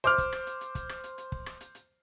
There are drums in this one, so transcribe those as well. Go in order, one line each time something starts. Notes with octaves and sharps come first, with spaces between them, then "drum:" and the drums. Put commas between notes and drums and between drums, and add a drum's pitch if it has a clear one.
C5 D6 F6, drum: hi-hat
drum: kick, hi-hat
drum: rim click
drum: hi-hat
drum: hi-hat
drum: kick, hi-hat
drum: rim click
drum: hi-hat
drum: hi-hat
drum: kick
drum: rim click
drum: hi-hat
drum: hi-hat